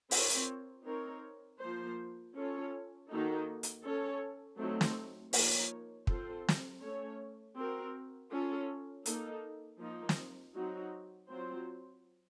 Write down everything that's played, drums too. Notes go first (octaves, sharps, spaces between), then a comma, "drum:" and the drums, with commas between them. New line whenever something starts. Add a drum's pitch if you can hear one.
C4 F4 A#4 C#5, drum: open hi-hat
drum: hi-hat
C4 D#4 A#4 C#5
F3 A#3 F4 C5
C#4 F4 A4 C#5
D#3 A#3 D#4 F#4 A4
drum: hi-hat
C#4 A4 C#5
F#3 A3 C4 D#4
drum: snare
F3 A#3 D#4 A#4 C#5, drum: open hi-hat
C4 F4 A4 C5, drum: kick
drum: snare
A3 C#4 A4 C#5
C4 F#4 A#4
C#4 F4 A4
A#3 D#4 A4, drum: hi-hat
F3 A#3 D#4
drum: snare
F#3 C4 D#4 F#4
F#3 C4 F4 C5